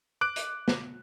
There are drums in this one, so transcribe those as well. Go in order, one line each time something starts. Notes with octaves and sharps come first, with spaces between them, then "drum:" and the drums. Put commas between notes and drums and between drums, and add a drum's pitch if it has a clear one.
D6 F#6 D7
drum: hi-hat
drum: snare